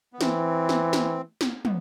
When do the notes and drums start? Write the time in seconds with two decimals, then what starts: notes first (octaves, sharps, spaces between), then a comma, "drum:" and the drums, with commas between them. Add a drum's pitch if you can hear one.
0.13 B3
0.21 E3 C4, drum: snare
0.69 drum: snare
0.93 drum: snare
1.41 drum: snare
1.65 B3, drum: tom